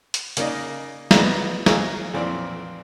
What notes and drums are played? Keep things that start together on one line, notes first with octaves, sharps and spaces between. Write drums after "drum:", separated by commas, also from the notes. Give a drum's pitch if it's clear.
drum: hi-hat
C#3 A#3 D#4 D5 D#5, drum: hi-hat
B3 D#4 F#4 B4 D5 E5, drum: snare
D#5 F5 G#5 C#6 E6, drum: snare
B1 F2 A#2 E3 C4 D5